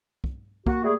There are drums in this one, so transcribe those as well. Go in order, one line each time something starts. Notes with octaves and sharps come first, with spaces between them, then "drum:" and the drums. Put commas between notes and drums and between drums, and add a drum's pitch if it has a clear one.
drum: kick
A#3 F#4, drum: kick
G3 A3 G#4